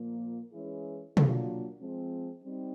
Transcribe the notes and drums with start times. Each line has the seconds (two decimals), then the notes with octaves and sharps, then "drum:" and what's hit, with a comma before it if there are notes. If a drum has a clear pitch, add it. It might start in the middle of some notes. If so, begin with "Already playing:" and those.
Already playing: A#2 F3 A#3
0.52 E3 G#3 C#4 E4 G#4
1.17 F#3 A#3 D4 F4, drum: tom
1.80 F3 G#3 C4
2.44 G3 C4 D#4